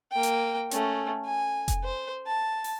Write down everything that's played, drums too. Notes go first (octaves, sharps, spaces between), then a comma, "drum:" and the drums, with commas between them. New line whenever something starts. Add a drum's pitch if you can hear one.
A#3 G5
drum: hi-hat
A3 C#4, drum: hi-hat
G#5
drum: kick F1, hi-hat
C5
A5
drum: open hi-hat